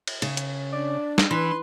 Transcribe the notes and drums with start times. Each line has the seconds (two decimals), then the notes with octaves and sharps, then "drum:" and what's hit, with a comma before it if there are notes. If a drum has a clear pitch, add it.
0.07 drum: cymbal
0.22 C#3, drum: cymbal
0.37 drum: hi-hat
0.73 D4 D5
1.18 drum: snare
1.31 E3 B4 B5 C6